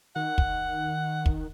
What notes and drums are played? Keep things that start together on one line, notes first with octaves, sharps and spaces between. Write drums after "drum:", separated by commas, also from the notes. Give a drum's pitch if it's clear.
D#3 F#5
drum: kick
drum: kick